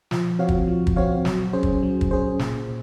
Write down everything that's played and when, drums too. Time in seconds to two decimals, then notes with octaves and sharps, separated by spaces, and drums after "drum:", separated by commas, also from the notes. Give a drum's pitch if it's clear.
0.11 F3, drum: snare
0.39 C4 F#4 C#5 F5
0.49 drum: kick
0.68 F3
0.87 drum: kick
0.96 C4 F#4 C#5 F5
1.25 F#3, drum: snare
1.53 C#4 G#4 C5
1.63 drum: kick
1.83 F#3
2.01 drum: kick
2.11 C#4 G#4 C5
2.39 A#2, drum: snare